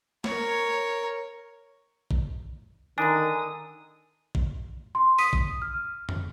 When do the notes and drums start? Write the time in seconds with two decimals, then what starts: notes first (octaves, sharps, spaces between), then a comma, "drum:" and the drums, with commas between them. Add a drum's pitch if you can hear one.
0.24 A#4 C#5, drum: snare
2.11 drum: kick
2.98 D3 D#3 D4 G#5 A#5 D#6
4.35 drum: kick
4.95 C6
5.18 D#6 B6 D#7, drum: open hi-hat
5.33 drum: kick
5.62 F6
6.09 drum: tom F2